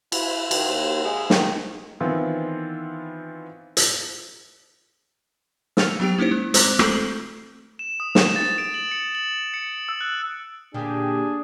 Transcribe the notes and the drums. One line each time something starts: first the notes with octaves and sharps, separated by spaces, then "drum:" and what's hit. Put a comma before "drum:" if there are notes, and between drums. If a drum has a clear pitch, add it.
E4, drum: cymbal
D#3, drum: cymbal
D#2
G#3
D#3, drum: snare
D#3 E3 B3 C4 E4 F4
drum: hi-hat
E6 F6 A6 C#7 F7, drum: snare
F#3 B3 G4 G5 D7
A#3 C#4 D#4 E4 C5
G#3
G#3 C4 C5 A#5 D6 F#6, drum: hi-hat
A3 C4 A4 G6 C7 F#7, drum: rim click
E7
D#6
E7, drum: snare
A6
D7
F#7
C#7
F#7
C#7
E6
F#6
A#2 D3 A#3 D4 G4 G#4